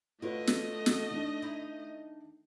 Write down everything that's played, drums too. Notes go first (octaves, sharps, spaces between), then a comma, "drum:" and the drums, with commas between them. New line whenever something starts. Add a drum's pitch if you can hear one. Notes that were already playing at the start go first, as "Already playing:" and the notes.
D3 A3 F4 B4 C#5 D#5
drum: snare
drum: snare
D#3 D4
D#4 E4